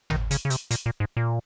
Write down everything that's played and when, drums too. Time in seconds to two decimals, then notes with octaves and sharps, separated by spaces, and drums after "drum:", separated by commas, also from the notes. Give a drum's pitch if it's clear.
0.10 D#3, drum: tom G#1
0.31 C#3, drum: hi-hat
0.45 C#3
0.50 C3, drum: hi-hat
0.71 A#2, drum: hi-hat
0.86 A#2
1.00 G#2
1.17 A#2